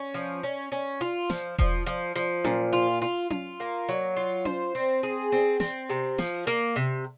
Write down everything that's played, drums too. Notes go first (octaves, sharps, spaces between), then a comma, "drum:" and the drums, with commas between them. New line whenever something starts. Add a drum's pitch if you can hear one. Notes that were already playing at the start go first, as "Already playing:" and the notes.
Already playing: C#4
F3
C#4
C#4
F4
F3, drum: snare
F3, drum: kick E1
F3
F3
A#2, drum: tom C#4
F4
F4
F4, drum: tom C#4
A#3
F#3
F4
C5, drum: tom C#4
C4
G#4
C4
C4, drum: snare
C3
F3, drum: snare
A#3
C3